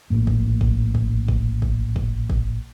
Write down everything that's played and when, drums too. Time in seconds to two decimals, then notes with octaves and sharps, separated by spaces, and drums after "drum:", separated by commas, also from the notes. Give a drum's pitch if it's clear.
0.10 A#1 F2 A2 A#3
0.27 drum: kick
0.61 drum: kick
0.95 drum: kick
1.28 drum: kick
1.62 drum: kick
1.96 drum: kick
2.30 drum: kick